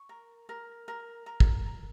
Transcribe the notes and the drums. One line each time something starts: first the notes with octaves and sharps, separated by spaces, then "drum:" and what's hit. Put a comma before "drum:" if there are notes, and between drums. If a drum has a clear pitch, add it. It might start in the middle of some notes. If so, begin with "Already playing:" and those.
Already playing: C#6
A#4
A#4
A#4
A#4
drum: kick
A#4